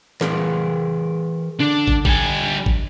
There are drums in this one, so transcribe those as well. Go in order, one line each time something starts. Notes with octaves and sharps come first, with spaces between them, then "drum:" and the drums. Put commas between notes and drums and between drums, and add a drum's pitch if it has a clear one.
E3 G#4 A#4, drum: snare
D3 D4
drum: kick
G3 G#5, drum: kick
drum: kick